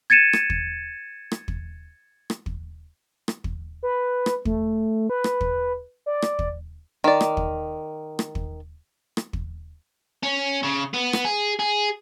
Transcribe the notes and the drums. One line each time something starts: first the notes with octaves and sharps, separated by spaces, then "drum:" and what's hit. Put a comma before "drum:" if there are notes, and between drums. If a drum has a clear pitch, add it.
G#6 A6 C#7 D#7 E7
drum: rim click
drum: kick
drum: rim click
drum: kick
drum: rim click
drum: kick
drum: rim click
drum: kick
B4
drum: rim click
A3, drum: kick
B4
drum: rim click
drum: kick
D5
drum: rim click
drum: kick
D#3 D5
drum: rim click
drum: kick
drum: rim click
drum: kick
drum: rim click
drum: kick
C#4
C#3
B3
drum: rim click
G#4
G#4